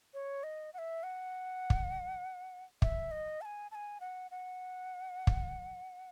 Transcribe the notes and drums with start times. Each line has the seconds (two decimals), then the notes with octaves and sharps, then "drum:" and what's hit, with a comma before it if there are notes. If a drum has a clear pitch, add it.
0.14 C#5
0.43 D#5
0.74 F#5
0.78 E5
1.03 F#5
1.70 drum: kick
2.82 E5, drum: kick
3.11 D#5
3.41 A5
3.45 G#5
3.71 A5
3.75 G#5
4.00 F#5
4.31 F#5
5.27 drum: kick